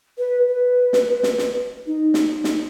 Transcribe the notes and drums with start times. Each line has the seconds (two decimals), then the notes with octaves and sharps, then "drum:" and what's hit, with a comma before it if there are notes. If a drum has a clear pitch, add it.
0.18 B4
0.48 B4
0.93 drum: snare
1.23 drum: snare
1.38 drum: snare
1.87 D#4
2.14 drum: snare
2.44 drum: snare